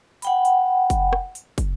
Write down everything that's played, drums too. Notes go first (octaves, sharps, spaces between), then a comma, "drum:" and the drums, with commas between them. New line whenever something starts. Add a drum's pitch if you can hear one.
F#5 G5 B5, drum: hi-hat
drum: hi-hat
drum: kick, hi-hat
drum: rim click
drum: hi-hat
drum: kick, hi-hat